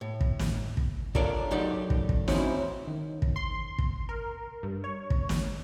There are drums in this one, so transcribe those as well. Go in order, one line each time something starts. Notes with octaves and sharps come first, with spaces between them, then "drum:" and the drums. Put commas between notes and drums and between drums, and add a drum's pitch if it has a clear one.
A2
drum: kick
drum: snare
drum: kick
D4 F4 A4 A#4 C#5 D5, drum: kick
F#3 A3 D#4 G4 D5 F#5
drum: kick
drum: kick
C4 C#4 D#4 E4 F#4, drum: snare
D#3
drum: kick
C6
drum: kick
A#4
G2
C#5
drum: kick
drum: snare